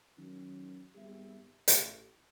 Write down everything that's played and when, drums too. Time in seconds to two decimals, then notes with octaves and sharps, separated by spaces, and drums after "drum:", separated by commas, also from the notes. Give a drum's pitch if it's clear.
0.18 D#3 F#3 C#4
0.95 G#1 G3 B3 G4 G#4 E5
1.68 A1, drum: hi-hat